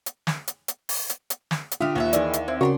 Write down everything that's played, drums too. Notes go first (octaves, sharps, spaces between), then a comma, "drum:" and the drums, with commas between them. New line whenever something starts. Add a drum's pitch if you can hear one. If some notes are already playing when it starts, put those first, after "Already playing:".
drum: hi-hat
drum: snare
drum: hi-hat
drum: hi-hat
drum: open hi-hat
drum: hi-hat
drum: hi-hat
drum: snare
drum: hi-hat
D3 F4 G4 E5 F5 D#6
D#2 B3 C#4 E5
D#3 E3 E4 G#4 D5, drum: hi-hat
drum: hi-hat
C4 E4
C#3 D4 F#4 A#4 A#5 C6 C#6